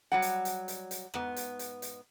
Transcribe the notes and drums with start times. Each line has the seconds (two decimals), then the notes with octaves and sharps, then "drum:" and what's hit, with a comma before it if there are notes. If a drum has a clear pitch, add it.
0.12 F#3 G3 F#5
0.22 drum: hi-hat
0.45 drum: hi-hat
0.68 drum: hi-hat
0.91 drum: hi-hat
1.14 G#2 B3, drum: rim click
1.36 drum: hi-hat
1.59 drum: hi-hat
1.82 drum: hi-hat